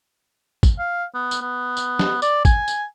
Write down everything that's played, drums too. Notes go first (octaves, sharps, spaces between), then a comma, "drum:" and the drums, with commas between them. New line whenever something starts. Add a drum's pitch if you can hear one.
drum: kick, tambourine
F5
B3
drum: tambourine
B3
drum: tambourine
drum: snare
D5, drum: tambourine
G#5, drum: kick, tambourine
drum: tambourine